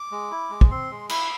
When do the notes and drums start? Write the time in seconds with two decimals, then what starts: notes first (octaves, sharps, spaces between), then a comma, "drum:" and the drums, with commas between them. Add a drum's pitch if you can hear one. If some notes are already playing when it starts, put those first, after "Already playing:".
Already playing: D6
0.12 G#3
0.31 E4
0.50 G#3
0.61 drum: kick
0.71 C4 C6
0.91 G#3
1.09 E4 B5, drum: cymbal